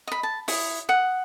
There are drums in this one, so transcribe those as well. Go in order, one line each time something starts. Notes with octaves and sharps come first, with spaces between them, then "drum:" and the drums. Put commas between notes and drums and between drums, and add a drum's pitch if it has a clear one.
D#5 B5
A5
E4 D#6, drum: open hi-hat
F#5 D#6